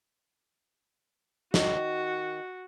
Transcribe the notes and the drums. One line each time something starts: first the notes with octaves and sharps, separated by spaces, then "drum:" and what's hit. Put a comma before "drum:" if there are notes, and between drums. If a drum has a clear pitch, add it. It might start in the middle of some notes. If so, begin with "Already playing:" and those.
D#3 F#4, drum: snare